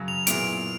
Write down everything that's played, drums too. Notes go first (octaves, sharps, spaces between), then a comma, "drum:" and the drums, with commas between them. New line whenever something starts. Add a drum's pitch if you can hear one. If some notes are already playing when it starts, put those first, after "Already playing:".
Already playing: F#2 C#3 F#3
F7
A#2 F#3 B3 E4 G#4 D7, drum: hi-hat